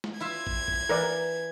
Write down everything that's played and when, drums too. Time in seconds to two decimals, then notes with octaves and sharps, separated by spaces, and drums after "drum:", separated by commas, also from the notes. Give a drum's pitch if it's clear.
0.04 drum: snare
0.20 E4 F4 E5 G#6
0.47 drum: kick
0.68 drum: kick
0.89 E3 A#4 B4 D5